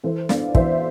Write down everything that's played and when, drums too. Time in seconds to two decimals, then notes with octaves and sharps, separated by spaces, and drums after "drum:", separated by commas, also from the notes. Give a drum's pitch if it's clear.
0.04 E3 A4 C5
0.29 B3 D4 D5 F5, drum: snare
0.55 E3 C5 E5, drum: kick